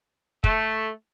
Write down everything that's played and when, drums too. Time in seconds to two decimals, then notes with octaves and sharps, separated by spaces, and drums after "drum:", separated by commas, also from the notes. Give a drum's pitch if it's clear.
0.44 A3, drum: kick